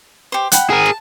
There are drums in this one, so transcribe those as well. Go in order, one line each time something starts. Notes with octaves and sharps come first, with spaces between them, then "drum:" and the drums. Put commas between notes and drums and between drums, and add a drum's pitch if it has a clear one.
G4 C5
F#5 G5 B5, drum: hi-hat
G#4 A#4
A5